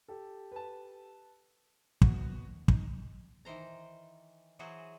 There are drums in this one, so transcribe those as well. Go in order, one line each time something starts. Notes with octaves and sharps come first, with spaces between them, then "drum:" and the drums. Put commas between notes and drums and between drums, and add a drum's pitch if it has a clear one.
G4 A4
B4 A5
D#2 B3 F#4, drum: kick
D#4, drum: kick
D#3 E3 C5 A#5
E3 F#3 F#4 G#4 B4 C5